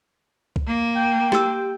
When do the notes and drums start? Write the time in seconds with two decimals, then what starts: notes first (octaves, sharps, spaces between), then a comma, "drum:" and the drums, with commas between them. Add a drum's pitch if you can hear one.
0.56 drum: kick C2
0.67 A#3
0.96 G5
1.32 G4 E6, drum: snare